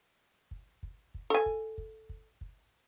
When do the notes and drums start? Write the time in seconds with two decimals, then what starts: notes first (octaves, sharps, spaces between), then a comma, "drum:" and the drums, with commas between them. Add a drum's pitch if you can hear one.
0.51 drum: kick
0.83 drum: kick
1.14 drum: kick
1.30 A4 G#5
1.46 drum: kick
1.78 drum: kick
2.09 drum: kick
2.41 drum: kick